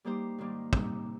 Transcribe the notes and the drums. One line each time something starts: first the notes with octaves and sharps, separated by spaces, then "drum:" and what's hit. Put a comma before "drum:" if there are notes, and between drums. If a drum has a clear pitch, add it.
G3 A#3 D#4 G4 C5
G#2 D#3 G3 A#3
C3 G3 A#3 D#4, drum: kick